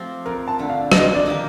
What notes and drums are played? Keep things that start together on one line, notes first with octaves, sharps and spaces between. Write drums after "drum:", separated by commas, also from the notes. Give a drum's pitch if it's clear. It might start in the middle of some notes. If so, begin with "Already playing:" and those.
Already playing: F3 A3 C4 G4
F2 A#4
A5
D3 A3
F5
F2 D#5, drum: rim click
D5
D#3 A#3 D#4 G4